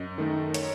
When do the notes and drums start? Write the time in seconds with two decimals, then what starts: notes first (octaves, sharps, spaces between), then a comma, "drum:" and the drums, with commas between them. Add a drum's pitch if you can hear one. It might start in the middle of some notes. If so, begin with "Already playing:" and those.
Already playing: F#2 D#5
0.18 D#3 A3 D#4
0.54 C#5, drum: hi-hat